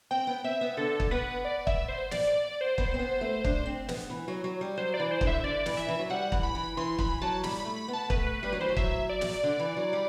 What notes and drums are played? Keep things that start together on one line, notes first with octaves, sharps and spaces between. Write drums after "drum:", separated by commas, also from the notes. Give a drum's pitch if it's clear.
C4 G5
B3
C4 E5
B3
D3 A4
drum: kick
B3 B4
D5
E5, drum: kick
C5
D5, drum: snare
D5
D5
C5
B3, drum: kick
C4
B3
A3
D4, drum: kick
C4
B3, drum: snare
E3
F#3
F#3
G3
F#3 C5
D5
E3
C5
D3, drum: kick
E5
D3 D5
E3, drum: snare
E5
E3
F#3
G3 F#5
E3, drum: kick
B5
E3
E3 C6
E3 B5, drum: kick
F#3 A5
G3 B5, drum: snare
B5
A3
B5
B3
A5
A3 B4, drum: kick
B4
G3 B4
F#3
E3 C5
F#3
E5, drum: kick
D5
drum: snare
D3
E3
F#3
G3